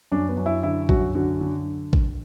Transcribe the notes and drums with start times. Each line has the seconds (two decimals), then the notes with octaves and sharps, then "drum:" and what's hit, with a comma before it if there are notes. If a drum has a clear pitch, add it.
0.12 F#2 D4
0.29 B3
0.38 F#2
0.46 E4
0.63 D3 E4
0.89 F#2 F#4, drum: kick A1
1.15 D3 F#4
1.41 D3
1.93 drum: kick A1